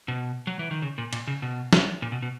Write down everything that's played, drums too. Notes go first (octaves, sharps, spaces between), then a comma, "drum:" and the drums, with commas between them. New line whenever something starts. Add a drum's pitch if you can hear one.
B2
F#3
E3
D#3
C#3
A#2
A#2, drum: cymbal
C#3
B2
drum: snare
A#2
B2
B2